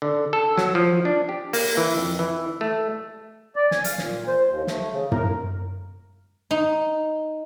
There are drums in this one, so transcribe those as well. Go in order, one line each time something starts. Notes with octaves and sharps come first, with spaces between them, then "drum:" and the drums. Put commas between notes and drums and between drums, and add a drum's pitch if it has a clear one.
D3
A4
F#3, drum: snare
F3
D4
G4
A#3, drum: open hi-hat
E3
F2
E3
A3
D5
G#5, drum: snare
F5, drum: hi-hat
A#2, drum: snare
C5
D#2
A3, drum: snare
C#3
A#4, drum: tom
D#4